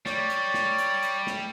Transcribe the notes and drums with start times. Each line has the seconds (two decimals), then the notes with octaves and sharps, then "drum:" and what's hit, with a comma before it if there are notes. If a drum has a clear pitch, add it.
0.06 G3 C#5 D5, drum: snare
0.30 drum: hi-hat
0.54 drum: snare
0.78 drum: hi-hat
1.03 drum: hi-hat
1.27 drum: snare